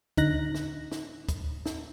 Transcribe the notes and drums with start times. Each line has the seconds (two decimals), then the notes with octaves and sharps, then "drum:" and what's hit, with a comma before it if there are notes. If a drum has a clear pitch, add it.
0.17 D3 D#4 F#6 A#6, drum: kick, hi-hat
0.54 drum: snare
0.92 drum: snare
1.29 drum: kick, hi-hat
1.66 drum: snare